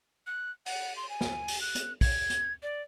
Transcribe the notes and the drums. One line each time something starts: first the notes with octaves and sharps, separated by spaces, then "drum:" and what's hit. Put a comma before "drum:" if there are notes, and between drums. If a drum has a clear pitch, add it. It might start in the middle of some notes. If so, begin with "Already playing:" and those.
F#6
F#5, drum: open hi-hat
C6
G#5
drum: snare
drum: open hi-hat
F#6
drum: hi-hat
G#6, drum: kick, open hi-hat
drum: hi-hat
D5